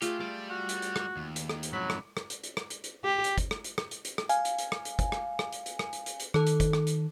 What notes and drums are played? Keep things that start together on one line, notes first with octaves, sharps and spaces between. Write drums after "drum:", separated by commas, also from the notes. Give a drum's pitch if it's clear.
A3 F4 G4 G#4, drum: hi-hat
G3 D6
F#4
drum: hi-hat
drum: hi-hat
drum: rim click
D#2
drum: hi-hat
drum: rim click
drum: hi-hat
F2 G#2 F#3 B5
drum: rim click
drum: rim click
drum: hi-hat
drum: hi-hat
drum: rim click
drum: hi-hat
drum: hi-hat
G4
drum: hi-hat
drum: kick, hi-hat
drum: rim click
drum: hi-hat
drum: rim click
drum: hi-hat
drum: hi-hat
drum: rim click
F5 G#5, drum: hi-hat
drum: hi-hat
drum: hi-hat
drum: rim click
drum: hi-hat
drum: kick, hi-hat
drum: rim click
drum: rim click
drum: hi-hat
drum: hi-hat
drum: rim click
drum: hi-hat
drum: hi-hat
drum: hi-hat
D#3 A4, drum: rim click
drum: hi-hat
drum: kick, hi-hat
drum: rim click
drum: hi-hat